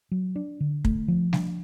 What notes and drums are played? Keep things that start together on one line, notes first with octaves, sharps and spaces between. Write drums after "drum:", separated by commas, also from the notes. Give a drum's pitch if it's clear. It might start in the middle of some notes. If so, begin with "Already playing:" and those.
F#3
D4
D3
A3, drum: kick
F3
D4, drum: snare G3